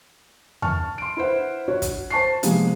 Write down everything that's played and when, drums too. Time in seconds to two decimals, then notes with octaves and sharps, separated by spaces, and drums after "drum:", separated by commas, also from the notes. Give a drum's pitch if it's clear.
0.62 A5 C#6 F6, drum: tom E2
0.98 C6 D7
1.17 E4 B4 C5 F#5
1.68 F#4 C#5
1.82 drum: kick, hi-hat
2.11 C5 A5 C#6 C7
2.43 C3 F3 G#3 A#3 B3, drum: hi-hat